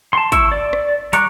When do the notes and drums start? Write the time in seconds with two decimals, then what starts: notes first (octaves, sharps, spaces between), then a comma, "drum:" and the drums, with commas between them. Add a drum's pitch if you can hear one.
0.13 A5 C6
0.32 E4 C#6 E6, drum: kick G#1, hi-hat
0.52 D5
0.73 drum: rim click
1.13 G3 A#5 C#6 D6 F#6, drum: hi-hat